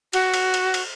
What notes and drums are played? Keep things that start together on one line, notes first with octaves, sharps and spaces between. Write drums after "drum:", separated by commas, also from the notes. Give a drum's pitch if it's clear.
F#4, drum: cymbal
drum: cymbal
drum: cymbal
drum: cymbal